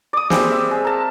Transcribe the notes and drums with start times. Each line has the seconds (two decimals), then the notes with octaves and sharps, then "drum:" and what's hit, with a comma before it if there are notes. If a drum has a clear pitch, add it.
0.13 D5 D#6
0.30 G3 G#3 C4, drum: snare
0.51 E5
0.71 G#3
0.84 A#4 A5